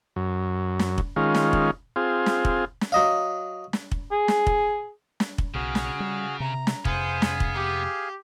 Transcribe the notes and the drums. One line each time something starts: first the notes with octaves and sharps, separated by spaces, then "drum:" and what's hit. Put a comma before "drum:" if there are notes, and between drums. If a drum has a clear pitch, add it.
F#2
drum: snare
drum: kick
D#3 G#3 C#4 F4
drum: snare
drum: kick
C4 F4 G#4
drum: snare
drum: kick
drum: snare
F#3 D#5 F5
drum: snare
drum: kick
G#4
drum: snare
drum: kick
drum: snare
drum: kick
B1 C#3 F#4 G#4 F6
drum: snare
G3
C3 A#5
drum: snare
F2 C3 B3 G#4 C5 F5 G#5, drum: kick
drum: snare
drum: kick
G4